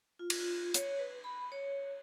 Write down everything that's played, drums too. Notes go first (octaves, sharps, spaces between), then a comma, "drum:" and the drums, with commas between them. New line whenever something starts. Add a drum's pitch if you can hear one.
F4
drum: cymbal
F4
C#5, drum: hi-hat
B4
B5
C#5